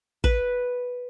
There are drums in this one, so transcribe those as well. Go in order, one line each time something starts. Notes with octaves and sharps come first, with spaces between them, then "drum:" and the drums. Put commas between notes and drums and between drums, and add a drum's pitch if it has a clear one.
B4, drum: kick